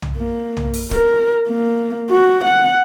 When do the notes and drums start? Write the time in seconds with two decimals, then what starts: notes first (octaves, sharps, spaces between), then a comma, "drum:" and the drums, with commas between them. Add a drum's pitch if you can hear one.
0.02 drum: tom
0.17 A#3
0.57 drum: tom
0.74 drum: open hi-hat
0.91 A#4, drum: kick
1.48 A#3
2.11 F#4
2.45 F#5